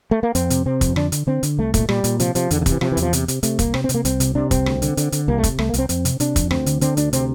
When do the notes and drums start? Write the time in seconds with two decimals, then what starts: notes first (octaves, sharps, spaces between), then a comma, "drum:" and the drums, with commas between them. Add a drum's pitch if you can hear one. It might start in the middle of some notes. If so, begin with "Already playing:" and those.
0.11 A3
0.23 A#3
0.35 F2 C4, drum: hi-hat
0.50 C3, drum: hi-hat
0.66 C3 C4
0.81 F2, drum: kick, hi-hat
0.96 D3 D4, drum: rim click
1.12 D3, drum: hi-hat
1.27 D3 C4
1.43 D3, drum: hi-hat
1.58 C2 A3
1.74 A#2 A3, drum: kick, hi-hat
1.89 A#2 G3, drum: rim click
2.04 A#2, drum: hi-hat
2.20 C3 F3, drum: hi-hat
2.35 C3 F3, drum: hi-hat
2.51 E2 D3, drum: hi-hat
2.61 D3
2.66 C3, drum: kick, hi-hat
2.72 E3
2.81 C3 F3, drum: rim click
2.92 E3
2.97 E2, drum: hi-hat
3.02 F3
3.13 C3, drum: hi-hat
3.28 C3, drum: hi-hat
3.43 C3 A3, drum: hi-hat
3.59 C2 A#3, drum: kick, hi-hat
3.74 C3 C4, drum: rim click
3.84 C4
3.89 C3, drum: hi-hat
3.94 A#3
4.05 C2 C4, drum: hi-hat
4.20 C3, drum: hi-hat
4.35 C3 D4
4.51 C2 C4, drum: kick, hi-hat
4.66 D2, drum: rim click
4.82 D3, drum: hi-hat
4.97 D3, drum: hi-hat
5.12 D3, drum: hi-hat
5.28 C2 A#3
5.38 A3
5.44 C3, drum: kick, hi-hat
5.59 C2 A3, drum: rim click
5.69 A#3
5.74 C2, drum: hi-hat
5.79 C4
5.89 F2 C4, drum: hi-hat
6.05 C3, drum: hi-hat
6.20 C3 D4, drum: hi-hat
6.36 F2, drum: kick, hi-hat
6.51 D2 C4, drum: rim click
6.66 D3, drum: hi-hat
6.81 D3 C4, drum: hi-hat
6.97 D2 D4, drum: hi-hat
7.13 C3 C4, drum: hi-hat